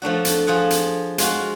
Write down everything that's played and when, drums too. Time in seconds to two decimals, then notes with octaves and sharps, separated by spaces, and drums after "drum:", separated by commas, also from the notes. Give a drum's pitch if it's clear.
0.02 F3 A3 D4 F#4
0.25 drum: hi-hat
0.47 F3 F4 G#4 F#5
0.70 drum: hi-hat
1.18 G#3 F4 F#4, drum: hi-hat